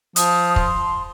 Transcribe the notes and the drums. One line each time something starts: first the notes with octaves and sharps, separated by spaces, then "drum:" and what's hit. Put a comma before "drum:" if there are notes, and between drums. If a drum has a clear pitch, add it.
F3 D#6, drum: hi-hat
C6, drum: kick